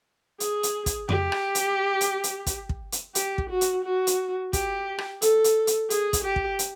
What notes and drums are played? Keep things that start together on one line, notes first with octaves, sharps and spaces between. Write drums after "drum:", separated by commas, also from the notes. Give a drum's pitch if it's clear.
G#4, drum: hi-hat
drum: hi-hat
drum: kick, hi-hat
G4, drum: tom F2
drum: rim click
drum: hi-hat
drum: hi-hat
drum: hi-hat
drum: kick, hi-hat
drum: kick
drum: hi-hat
G4, drum: hi-hat
drum: kick
F#4
drum: hi-hat
F#4
drum: hi-hat
G4, drum: kick, hi-hat
drum: rim click
A4, drum: hi-hat
drum: hi-hat
drum: hi-hat
G#4, drum: hi-hat
drum: kick, hi-hat
G4
drum: kick
drum: hi-hat